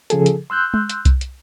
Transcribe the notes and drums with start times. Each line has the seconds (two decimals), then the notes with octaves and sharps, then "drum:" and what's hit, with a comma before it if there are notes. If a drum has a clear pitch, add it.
0.10 C#3 F3 G#4 A4, drum: hi-hat
0.26 drum: hi-hat
0.50 C6 E6 F#6 G6
0.74 drum: tom G#3
0.90 drum: hi-hat
1.05 drum: kick C2, hi-hat
1.21 drum: hi-hat